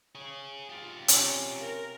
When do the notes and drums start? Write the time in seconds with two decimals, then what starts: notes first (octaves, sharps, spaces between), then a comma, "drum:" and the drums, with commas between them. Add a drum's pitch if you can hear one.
0.15 G#4 C#5
0.69 F4 G4
1.08 C3 C#4, drum: hi-hat
1.61 A#4